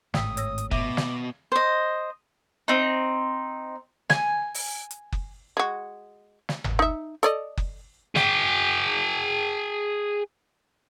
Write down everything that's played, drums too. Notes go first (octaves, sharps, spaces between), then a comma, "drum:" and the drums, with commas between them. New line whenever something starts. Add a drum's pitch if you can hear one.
G#1 A2 G5 D#6 E6 B6, drum: snare
C#5 E6 A#6, drum: hi-hat
drum: hi-hat
B2 E5 D6, drum: kick F#1
drum: snare
C5 D#5
C4 D#4
G#5, drum: snare
drum: open hi-hat
drum: hi-hat
drum: kick F#1
G#3 F#4
drum: snare
drum: tom G1
D#4 E5
A4 D5 D#5, drum: hi-hat
drum: kick F#1
G#4 G5, drum: snare